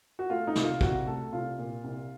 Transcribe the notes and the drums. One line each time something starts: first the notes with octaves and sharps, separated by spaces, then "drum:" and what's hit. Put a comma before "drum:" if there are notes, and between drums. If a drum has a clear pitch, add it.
F#4
A3 F4
D#4
C2, drum: snare
F4
C2 F#4, drum: kick
A3 A4
C2 F4
A#2
C2